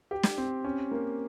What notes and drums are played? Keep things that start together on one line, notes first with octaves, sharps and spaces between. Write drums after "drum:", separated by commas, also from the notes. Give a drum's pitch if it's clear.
G4
drum: snare
C4
C#4
A#3